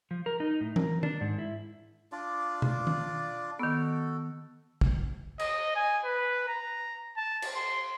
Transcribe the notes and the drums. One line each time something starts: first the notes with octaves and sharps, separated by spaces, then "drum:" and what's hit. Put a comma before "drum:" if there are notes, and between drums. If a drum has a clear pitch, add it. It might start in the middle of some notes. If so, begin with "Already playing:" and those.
F3
A#4
D#4
A2
A#4, drum: tom E3
D4, drum: tom D#3
G#2
E4
D4 F4 D5
drum: tom B2
drum: tom D#3
D#3 B3 F#4 A4
drum: kick
D#5, drum: cymbal
G#5
B4
A#5
A5
drum: cymbal
C6